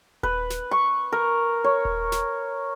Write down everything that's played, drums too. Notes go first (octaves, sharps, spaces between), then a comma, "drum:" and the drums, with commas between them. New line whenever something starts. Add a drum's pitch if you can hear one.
B4, drum: kick D#1
drum: snare
C#6
A#4
C#5
drum: kick D#1
drum: snare